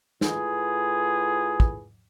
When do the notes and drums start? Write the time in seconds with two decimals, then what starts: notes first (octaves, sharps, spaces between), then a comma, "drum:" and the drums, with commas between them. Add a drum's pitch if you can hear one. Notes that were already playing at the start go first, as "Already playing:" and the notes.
0.21 A2 F4 G#4 B4, drum: snare
1.60 drum: kick